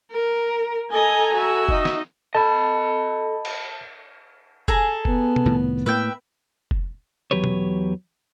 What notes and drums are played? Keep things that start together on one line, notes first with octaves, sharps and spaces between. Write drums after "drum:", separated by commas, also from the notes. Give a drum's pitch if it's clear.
A#4
A4 D#5 G#5 A#5
F#4 E5
D#4 D#5, drum: kick F1
drum: snare
A4 D#5 A5 B5
drum: cymbal
G#4 A4 A#5, drum: kick F1
B3, drum: kick F1
drum: tom B2
C2 A2 D#3
A2 A#3 B4 E5 G5
drum: kick F1
E2 F#3 G4 B4 C#5
drum: tom B2